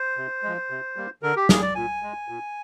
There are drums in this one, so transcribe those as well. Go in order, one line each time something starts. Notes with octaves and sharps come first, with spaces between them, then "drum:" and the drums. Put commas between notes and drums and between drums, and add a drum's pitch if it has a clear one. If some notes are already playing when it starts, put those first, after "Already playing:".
Already playing: C5
C3
F3 G#3
C3
G3 A#3
D3 A#4
G4
G3 A#3 G#4, drum: snare
D5
A#2 G#5
G#3
A#2